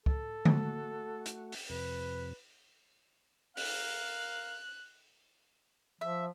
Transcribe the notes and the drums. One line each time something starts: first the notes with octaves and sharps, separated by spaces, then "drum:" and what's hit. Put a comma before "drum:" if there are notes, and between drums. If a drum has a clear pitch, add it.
A4, drum: kick
A3 F#4, drum: tom D3
drum: hi-hat
drum: open hi-hat
F2 C3 B4
A#4 F5 F#6, drum: open hi-hat
F3 E5